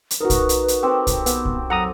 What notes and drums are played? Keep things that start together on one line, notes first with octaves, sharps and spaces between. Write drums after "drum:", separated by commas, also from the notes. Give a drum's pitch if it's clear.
drum: hi-hat
D#4 F#4 A#4 B4
drum: kick, hi-hat
drum: hi-hat
drum: hi-hat
C4 G4 A4
drum: kick, hi-hat
B3, drum: hi-hat
drum: kick
F#3 A4 F#5 A#5 D#6